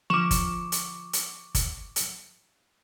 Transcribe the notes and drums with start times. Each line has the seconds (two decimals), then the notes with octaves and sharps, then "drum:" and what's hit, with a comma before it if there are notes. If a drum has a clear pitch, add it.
0.10 D3 F3 C#6 D6 E7
0.31 drum: kick G1, hi-hat
0.72 drum: hi-hat
1.13 drum: hi-hat
1.55 drum: kick G1, hi-hat
1.96 drum: hi-hat